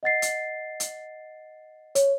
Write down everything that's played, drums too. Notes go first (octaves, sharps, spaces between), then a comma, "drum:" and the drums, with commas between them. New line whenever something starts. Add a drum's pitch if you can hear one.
D#5 F#5 A6 C7
drum: hi-hat
drum: hi-hat
C#5, drum: hi-hat